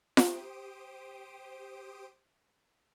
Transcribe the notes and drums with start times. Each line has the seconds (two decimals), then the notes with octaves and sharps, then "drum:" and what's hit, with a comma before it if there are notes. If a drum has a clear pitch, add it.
0.17 G4 C5 D#6 D7, drum: snare F4